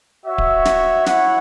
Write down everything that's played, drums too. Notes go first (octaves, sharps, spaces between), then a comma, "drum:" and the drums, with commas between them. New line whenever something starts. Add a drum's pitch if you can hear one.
F#4 C#5 E5
drum: kick D1
drum: snare
E4 C#5 F#5, drum: snare